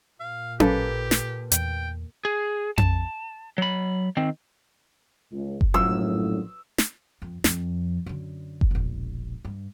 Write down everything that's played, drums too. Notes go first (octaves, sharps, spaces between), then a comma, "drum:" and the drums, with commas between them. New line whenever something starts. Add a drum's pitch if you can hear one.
A#2 F5
A1 A#3 G4 A4 B4, drum: tom C#4
drum: snare
E2 G5, drum: hi-hat
G#4
A5, drum: tom F2
F#3 B5
D#3 C4
C#2
drum: kick F#1
A#1 F#2 A2 F3 E6
drum: snare
F2
F2, drum: snare
F#2 D3
drum: kick F#1
E1 A#1
G2